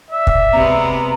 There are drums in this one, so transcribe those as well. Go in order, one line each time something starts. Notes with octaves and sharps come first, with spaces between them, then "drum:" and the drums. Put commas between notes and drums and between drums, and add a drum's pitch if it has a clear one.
D5 E5
drum: kick
C3 G#3 B3 A#5